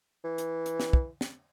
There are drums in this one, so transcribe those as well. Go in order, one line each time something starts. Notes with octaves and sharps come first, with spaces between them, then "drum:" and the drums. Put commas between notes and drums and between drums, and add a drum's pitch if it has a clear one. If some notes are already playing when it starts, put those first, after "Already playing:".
E3
drum: hi-hat
drum: hi-hat
drum: snare
drum: kick
drum: snare